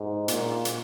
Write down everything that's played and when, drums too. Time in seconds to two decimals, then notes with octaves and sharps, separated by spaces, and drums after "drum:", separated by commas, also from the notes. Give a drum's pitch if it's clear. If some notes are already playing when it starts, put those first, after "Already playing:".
Already playing: G#2
0.28 A#2, drum: hi-hat
0.65 drum: hi-hat